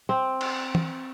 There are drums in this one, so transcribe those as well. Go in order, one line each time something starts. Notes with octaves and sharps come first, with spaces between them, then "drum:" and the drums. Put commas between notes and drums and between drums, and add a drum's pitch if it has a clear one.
C4
drum: cymbal
drum: tom